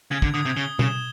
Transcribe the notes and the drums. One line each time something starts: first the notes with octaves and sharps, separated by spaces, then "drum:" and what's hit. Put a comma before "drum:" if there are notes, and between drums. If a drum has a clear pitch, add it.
C#3 G#6
D3, drum: kick
D3 D#6
C3
C#3 G7
C#3 E7, drum: tom B2